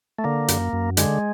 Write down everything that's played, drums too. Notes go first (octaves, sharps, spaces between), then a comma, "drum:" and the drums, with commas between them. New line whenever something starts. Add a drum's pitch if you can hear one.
A3
D3 A#3
F#2, drum: hi-hat
F#2
D3 G#3, drum: hi-hat